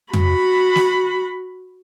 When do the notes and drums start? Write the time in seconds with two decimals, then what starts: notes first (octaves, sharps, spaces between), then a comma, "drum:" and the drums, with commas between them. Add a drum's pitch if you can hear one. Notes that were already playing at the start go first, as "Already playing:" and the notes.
0.13 F#4 B5, drum: tom
0.75 drum: snare